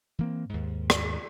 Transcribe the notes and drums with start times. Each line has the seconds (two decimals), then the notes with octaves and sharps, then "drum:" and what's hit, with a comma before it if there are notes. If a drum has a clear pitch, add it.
0.19 E3 A#3 C4
0.49 D#2 G#2
0.90 drum: rim click